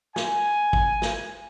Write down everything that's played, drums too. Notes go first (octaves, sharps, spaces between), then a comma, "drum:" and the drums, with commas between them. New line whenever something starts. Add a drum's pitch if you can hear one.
G#5, drum: snare
drum: kick
drum: snare